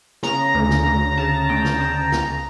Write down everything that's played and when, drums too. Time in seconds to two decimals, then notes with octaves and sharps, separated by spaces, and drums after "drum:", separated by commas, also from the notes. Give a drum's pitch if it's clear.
0.23 C#3 A#5, drum: snare
0.55 D2
0.70 drum: snare
0.86 D2
1.17 C#3 A5
1.49 D2 G5
1.65 drum: snare
1.81 C#3 A5
2.12 C#2 A#5, drum: snare